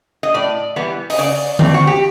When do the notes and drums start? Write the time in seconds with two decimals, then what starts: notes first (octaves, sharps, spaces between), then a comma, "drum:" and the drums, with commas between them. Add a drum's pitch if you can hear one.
0.23 D#5
0.34 A2 D5
0.76 E3 G3 B3
1.10 D#5, drum: open hi-hat
1.18 C#3 D5
1.59 E3 A3 C4, drum: tom D3
1.74 F#4
1.87 G4